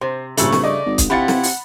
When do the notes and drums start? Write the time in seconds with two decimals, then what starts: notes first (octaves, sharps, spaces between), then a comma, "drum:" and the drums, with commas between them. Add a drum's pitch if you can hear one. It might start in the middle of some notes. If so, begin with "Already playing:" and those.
0.01 C3 C5
0.37 A#1 G2 C#3 A3 E6 F#7, drum: hi-hat
0.53 drum: snare
0.64 D5 D#5
0.86 G#1
0.98 drum: kick, hi-hat
1.10 C3 E4 F4 G4 F#5 B5 A6 C#7
1.28 drum: snare
1.43 drum: open hi-hat